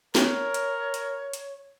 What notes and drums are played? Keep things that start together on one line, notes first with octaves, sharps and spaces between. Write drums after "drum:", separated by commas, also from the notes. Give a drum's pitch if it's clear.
A#4 C#5, drum: snare
drum: hi-hat
drum: hi-hat
drum: hi-hat